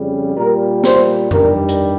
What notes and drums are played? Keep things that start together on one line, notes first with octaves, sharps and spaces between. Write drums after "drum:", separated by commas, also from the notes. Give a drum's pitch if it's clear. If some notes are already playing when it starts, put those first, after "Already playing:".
Already playing: F2 C#3 G3
A#2 G3 A#4
C5, drum: snare
G2 D#3 G3 A#4, drum: tom F2
drum: hi-hat